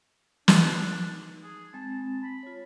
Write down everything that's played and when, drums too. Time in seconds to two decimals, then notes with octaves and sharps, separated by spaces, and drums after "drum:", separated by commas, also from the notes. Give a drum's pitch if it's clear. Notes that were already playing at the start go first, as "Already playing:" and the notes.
0.48 D4 D#4, drum: snare
1.43 G#4
1.73 G#3 C4 A5
2.23 B5
2.43 F4 C#5